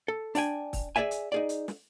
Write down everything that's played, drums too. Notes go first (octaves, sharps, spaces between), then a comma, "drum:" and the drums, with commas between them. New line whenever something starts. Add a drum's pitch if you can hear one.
A4
D4 D5 G5 G#5, drum: open hi-hat
drum: kick, open hi-hat
G#4 C5 D5 E5 G#5
drum: hi-hat
D#4 G#4 D5
drum: hi-hat
drum: snare